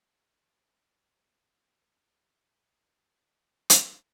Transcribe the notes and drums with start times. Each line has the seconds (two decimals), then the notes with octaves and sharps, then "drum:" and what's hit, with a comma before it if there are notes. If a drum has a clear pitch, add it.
0.22 E3 F3 G5 G#5
1.57 D#3 F#3 G3 A#3
2.68 D#6
3.70 drum: hi-hat